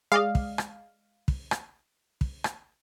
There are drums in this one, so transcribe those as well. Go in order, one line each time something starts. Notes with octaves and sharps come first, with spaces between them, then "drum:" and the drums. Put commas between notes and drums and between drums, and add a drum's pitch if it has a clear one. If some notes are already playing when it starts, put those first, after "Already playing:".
G#3 D5 D#5 F5
drum: kick
drum: rim click
drum: kick
drum: rim click
drum: kick
drum: rim click